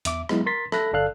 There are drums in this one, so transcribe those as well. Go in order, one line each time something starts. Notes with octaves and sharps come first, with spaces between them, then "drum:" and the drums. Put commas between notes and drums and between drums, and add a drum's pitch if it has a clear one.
E2 E5 D6, drum: hi-hat
F#3 G#3 B3 E4, drum: rim click
A#4 C6 A6 B6
A4 E5 B5 F#6 A#6, drum: rim click
G1 A4 D5 F5 F6 F#6